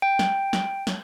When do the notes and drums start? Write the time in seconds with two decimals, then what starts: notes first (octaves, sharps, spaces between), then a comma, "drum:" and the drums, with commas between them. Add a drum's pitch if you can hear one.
0.02 G5
0.19 drum: snare
0.53 drum: snare
0.87 drum: snare